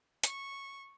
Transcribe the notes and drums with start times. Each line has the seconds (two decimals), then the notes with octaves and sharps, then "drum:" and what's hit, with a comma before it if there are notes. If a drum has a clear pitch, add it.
0.24 C#6, drum: hi-hat